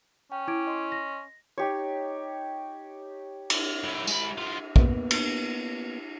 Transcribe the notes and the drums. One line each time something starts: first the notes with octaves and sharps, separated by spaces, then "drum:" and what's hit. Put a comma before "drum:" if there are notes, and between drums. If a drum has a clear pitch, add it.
C#4 G5
E4 D6 G#6 D7
D#5 C6
A#6
D#4 G4 C#5
drum: cymbal
F#3 E4
G#3 B5, drum: tambourine
B3 F4
A#3 B3, drum: kick A#1
drum: cymbal